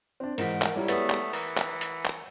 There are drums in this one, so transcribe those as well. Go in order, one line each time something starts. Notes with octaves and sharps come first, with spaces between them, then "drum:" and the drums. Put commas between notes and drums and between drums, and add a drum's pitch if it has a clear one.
C4 D4 C5
G#2 D#3 E3 A#4 F#5 B6, drum: open hi-hat
drum: clap
G3 E4 G4 A#4 C#5 D5
G#3 A3 B3 E4 B4 F#5 D#6 A6, drum: hi-hat
drum: clap
E3 A#4 C#7, drum: open hi-hat
drum: clap
drum: hi-hat
drum: clap